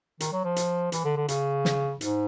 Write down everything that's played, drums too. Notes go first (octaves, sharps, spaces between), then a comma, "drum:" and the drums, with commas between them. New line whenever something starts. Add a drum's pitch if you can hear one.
D#3, drum: hi-hat
F#3
F3
drum: hi-hat
E3, drum: hi-hat
D3
D3
C#3, drum: hi-hat
drum: snare
G#2, drum: hi-hat